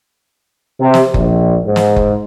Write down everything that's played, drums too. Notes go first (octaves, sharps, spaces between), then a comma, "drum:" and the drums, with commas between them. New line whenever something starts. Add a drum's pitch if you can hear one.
C3
drum: snare
A#1, drum: kick F#1
G#2
drum: snare
drum: kick F#1